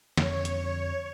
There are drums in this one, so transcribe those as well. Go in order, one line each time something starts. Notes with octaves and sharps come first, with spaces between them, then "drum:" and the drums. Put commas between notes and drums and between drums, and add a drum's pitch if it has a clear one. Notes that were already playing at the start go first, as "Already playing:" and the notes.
F2 D3 C#5, drum: snare
drum: hi-hat